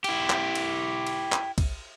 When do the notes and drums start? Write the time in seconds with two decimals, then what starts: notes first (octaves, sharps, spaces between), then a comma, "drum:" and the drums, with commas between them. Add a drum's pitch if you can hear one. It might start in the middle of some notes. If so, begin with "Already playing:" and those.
0.04 E4 G4, drum: cymbal
0.30 drum: clap
0.55 drum: cymbal
1.07 drum: cymbal
1.32 drum: clap
1.58 drum: kick, cymbal